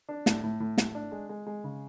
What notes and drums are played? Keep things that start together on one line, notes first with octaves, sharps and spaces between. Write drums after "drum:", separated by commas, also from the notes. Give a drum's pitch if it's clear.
D4
A2, drum: snare
A2
A2
A2, drum: snare
D4
G#3
G#3
G#3
C#3